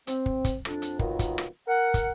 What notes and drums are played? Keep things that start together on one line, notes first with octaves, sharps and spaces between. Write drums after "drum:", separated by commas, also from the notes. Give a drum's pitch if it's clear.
C4, drum: hi-hat
drum: kick
drum: kick, hi-hat
F2 D4, drum: rim click
drum: hi-hat
D#3 F#3 A#3 B3 F4, drum: kick
drum: kick, hi-hat
drum: rim click
A#4 F#5
drum: kick, hi-hat